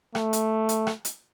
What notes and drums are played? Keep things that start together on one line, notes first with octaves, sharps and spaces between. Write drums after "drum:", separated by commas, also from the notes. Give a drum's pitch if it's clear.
A3, drum: rim click
drum: hi-hat
drum: hi-hat
drum: rim click
drum: hi-hat